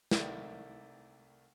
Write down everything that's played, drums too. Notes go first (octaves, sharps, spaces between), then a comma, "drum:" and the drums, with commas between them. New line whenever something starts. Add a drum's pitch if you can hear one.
C2 D#3 A3 E4 D5 G5, drum: snare